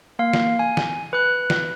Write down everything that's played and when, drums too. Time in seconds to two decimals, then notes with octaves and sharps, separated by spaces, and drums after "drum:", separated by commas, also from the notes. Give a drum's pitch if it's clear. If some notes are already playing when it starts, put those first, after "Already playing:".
0.19 A#3 F5
0.33 drum: snare
0.59 G#5
0.77 drum: snare
1.13 B4 F#6
1.50 drum: snare